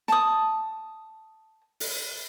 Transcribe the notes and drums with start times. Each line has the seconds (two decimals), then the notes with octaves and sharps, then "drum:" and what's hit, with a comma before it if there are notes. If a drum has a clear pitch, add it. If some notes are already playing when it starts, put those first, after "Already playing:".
0.08 A5 D#6, drum: snare
1.80 drum: open hi-hat